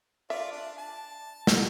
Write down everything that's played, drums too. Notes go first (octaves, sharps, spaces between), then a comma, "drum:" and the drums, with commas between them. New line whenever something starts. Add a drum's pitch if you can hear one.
F4 D5 E5
D4
A5
G3, drum: snare